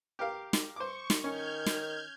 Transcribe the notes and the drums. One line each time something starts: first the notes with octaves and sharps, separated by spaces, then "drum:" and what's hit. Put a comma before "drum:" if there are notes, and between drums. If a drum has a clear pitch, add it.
G4 A#4 F5
drum: snare
C5 C#6 D6
drum: snare
D#3 C#4 F6 G6 G#6
drum: snare